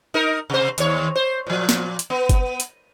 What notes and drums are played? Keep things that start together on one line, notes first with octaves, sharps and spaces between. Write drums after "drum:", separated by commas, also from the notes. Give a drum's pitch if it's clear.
D#4 A#4
C3 C5
D#2 C#5, drum: hi-hat
C5
A#2 F3
drum: snare
drum: hi-hat
B3
drum: kick G1, hi-hat
drum: hi-hat